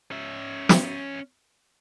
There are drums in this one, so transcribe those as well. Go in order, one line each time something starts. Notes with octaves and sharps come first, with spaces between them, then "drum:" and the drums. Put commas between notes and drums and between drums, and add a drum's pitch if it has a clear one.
C#4 E5
drum: snare